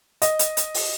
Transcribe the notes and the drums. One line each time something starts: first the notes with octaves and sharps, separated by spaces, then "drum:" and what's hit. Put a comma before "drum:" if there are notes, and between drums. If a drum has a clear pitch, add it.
D#5, drum: hi-hat
drum: hi-hat
drum: hi-hat
drum: open hi-hat